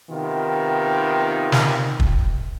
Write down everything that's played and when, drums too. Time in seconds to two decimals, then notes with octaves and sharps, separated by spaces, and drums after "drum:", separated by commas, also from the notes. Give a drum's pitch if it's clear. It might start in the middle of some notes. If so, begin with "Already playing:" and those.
0.10 C3 D#3 B3 F4
1.52 drum: snare
2.00 drum: kick